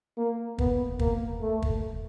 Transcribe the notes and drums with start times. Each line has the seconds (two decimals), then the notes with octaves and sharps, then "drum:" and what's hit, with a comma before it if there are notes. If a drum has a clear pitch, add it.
0.17 A#3
0.58 B3, drum: kick
0.99 A#3, drum: kick
1.41 A3
1.62 drum: kick